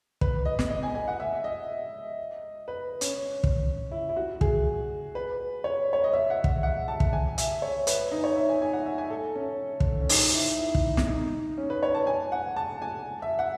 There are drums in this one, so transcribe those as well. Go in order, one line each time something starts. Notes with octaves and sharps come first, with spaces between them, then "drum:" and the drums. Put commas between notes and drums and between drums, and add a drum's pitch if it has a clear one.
B4, drum: kick
D#5
drum: snare
D#5
G#5
G#5
F#5
E5
D#5
B4
C#4, drum: hi-hat
drum: kick
E4
E4
F#4
G#4, drum: kick
B4
C#5
C#5
D#5
E5
F#5
drum: kick
F#5
A5
drum: kick
G#5
E5, drum: hi-hat
C#5
B4, drum: hi-hat
D#4
C#5
E5
G#5
G#5
F#5
E5
G#5
A4
C#4
drum: kick
C#4
D#4, drum: open hi-hat
E4
E4
drum: kick
drum: snare
D#4
C#4
B4
C#5
A5
G#5
F#5
A5
G#5
E5
F#5